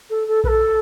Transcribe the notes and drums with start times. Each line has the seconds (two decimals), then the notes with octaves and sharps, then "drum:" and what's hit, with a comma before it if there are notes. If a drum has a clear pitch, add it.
0.10 A4
0.27 A4
0.44 B4, drum: kick A#1
0.48 A4